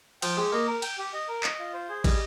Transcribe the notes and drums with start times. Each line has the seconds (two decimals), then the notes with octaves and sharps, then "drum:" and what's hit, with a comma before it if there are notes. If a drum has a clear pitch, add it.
0.22 F3 G5, drum: cymbal
0.37 G#3 G4
0.52 A#3 D#5
0.67 A#4
0.82 G5, drum: cymbal
0.98 G4
1.14 D#5
1.28 A#4
1.44 D#5, drum: clap
1.59 F4
1.74 C5
1.89 G#4
2.04 G3 D#5, drum: kick, cymbal